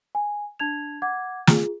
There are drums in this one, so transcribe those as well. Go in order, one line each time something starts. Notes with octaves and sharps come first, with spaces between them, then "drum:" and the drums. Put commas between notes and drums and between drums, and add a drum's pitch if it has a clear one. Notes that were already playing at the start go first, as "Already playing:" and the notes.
G#5
D4 A5 G#6 F7
F#5 D6 G#6
F4 G#4, drum: snare